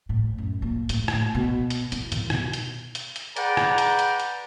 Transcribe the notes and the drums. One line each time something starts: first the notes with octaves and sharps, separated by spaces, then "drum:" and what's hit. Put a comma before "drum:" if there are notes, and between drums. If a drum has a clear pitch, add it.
A2
F#2
A#2
A2, drum: hi-hat
drum: rim click
B2
drum: hi-hat
E4, drum: hi-hat
D#3, drum: hi-hat
B2, drum: rim click
drum: hi-hat
drum: hi-hat
drum: hi-hat
G#4 B4 D5 F#5 G5 A#5, drum: hi-hat
drum: rim click
drum: hi-hat
drum: hi-hat
drum: hi-hat